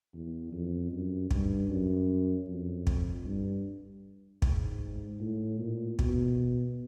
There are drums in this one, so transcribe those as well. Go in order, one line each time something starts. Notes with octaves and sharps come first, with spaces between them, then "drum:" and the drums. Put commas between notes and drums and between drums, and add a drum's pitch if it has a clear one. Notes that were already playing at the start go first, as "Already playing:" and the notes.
E2
F2
F#2
G2, drum: kick
F#2
F2
drum: kick
G2
G#2, drum: kick
A2
A#2
B2, drum: kick